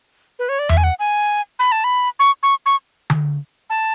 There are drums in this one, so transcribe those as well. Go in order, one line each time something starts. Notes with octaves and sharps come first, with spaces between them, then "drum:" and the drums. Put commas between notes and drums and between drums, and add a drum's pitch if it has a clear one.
B4
C#5
D5
E5, drum: tom E2
G#5
F#5
G#5
B5
A5
B5
C#6
C#6
C#6
drum: tom D3
A5